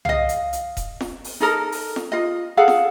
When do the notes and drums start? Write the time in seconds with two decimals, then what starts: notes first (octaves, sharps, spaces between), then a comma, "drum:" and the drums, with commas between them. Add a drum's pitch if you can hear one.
0.05 D#5 F5, drum: tom C2
0.29 drum: hi-hat
0.53 drum: hi-hat
0.77 drum: kick D#1, hi-hat
1.01 drum: snare
1.24 drum: open hi-hat
1.40 D#4 A4 A#4
1.72 drum: open hi-hat
1.96 drum: snare
2.12 F4 D#5
2.57 G#4 A4 F5 F#5
2.68 drum: snare